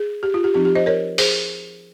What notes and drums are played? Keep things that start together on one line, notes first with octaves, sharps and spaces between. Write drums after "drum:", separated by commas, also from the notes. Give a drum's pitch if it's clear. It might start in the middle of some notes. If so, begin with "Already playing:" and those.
Already playing: G#4
G4
F4
G4
F3 C4 D#4 G4
G4
C5 D#5
A#4 C#5
G#4 C5, drum: open hi-hat